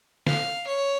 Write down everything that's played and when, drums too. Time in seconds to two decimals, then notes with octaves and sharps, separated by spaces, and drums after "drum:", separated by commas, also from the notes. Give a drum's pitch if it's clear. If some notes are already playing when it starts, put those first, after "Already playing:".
0.27 F5, drum: snare
0.67 C#5